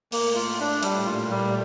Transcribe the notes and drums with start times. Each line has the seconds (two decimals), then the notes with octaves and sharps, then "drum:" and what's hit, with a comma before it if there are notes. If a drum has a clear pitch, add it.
0.12 A2 A3 A#3, drum: open hi-hat
0.36 F4
0.60 D4
0.83 A#2 G3 A#3, drum: hi-hat
1.06 F4
1.31 G3